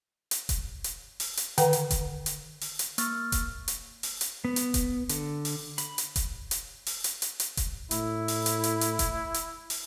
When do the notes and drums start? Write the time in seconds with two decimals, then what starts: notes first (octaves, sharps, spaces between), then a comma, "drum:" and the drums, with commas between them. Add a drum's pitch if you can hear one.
0.31 drum: hi-hat
0.49 drum: kick E1, hi-hat
0.84 drum: hi-hat
1.20 drum: open hi-hat
1.37 drum: hi-hat
1.58 D3 D#3 B4 F#5 G5 A#5, drum: hi-hat
1.73 drum: hi-hat
1.91 drum: kick E1, hi-hat
2.26 drum: hi-hat
2.61 drum: open hi-hat
2.79 drum: hi-hat
2.98 A#3 C#6 E6 F6 A6, drum: hi-hat
3.32 drum: kick E1, hi-hat
3.68 drum: hi-hat
4.03 drum: open hi-hat
4.21 drum: hi-hat
4.45 B3
4.56 drum: hi-hat
4.74 drum: kick E1, hi-hat
5.09 D3, drum: hi-hat
5.45 drum: open hi-hat
5.78 B5, drum: hi-hat
5.98 drum: hi-hat
6.16 drum: kick E1, hi-hat
6.51 drum: hi-hat
6.86 drum: open hi-hat
7.04 drum: hi-hat
7.22 drum: hi-hat
7.40 drum: hi-hat
7.57 drum: kick E1, hi-hat
7.91 A2 E4, drum: hi-hat
8.28 drum: open hi-hat
8.46 drum: hi-hat
8.64 drum: hi-hat
8.81 drum: hi-hat
8.99 drum: kick E1, hi-hat
9.34 drum: hi-hat
9.70 drum: open hi-hat